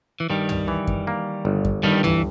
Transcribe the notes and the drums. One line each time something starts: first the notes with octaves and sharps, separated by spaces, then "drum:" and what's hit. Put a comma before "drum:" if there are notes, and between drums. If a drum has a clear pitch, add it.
E3
G2 D#3 G3
drum: tom
E3
drum: kick F#2
A#3
G1
drum: kick F#2
G2 D#3 G3
E3, drum: tom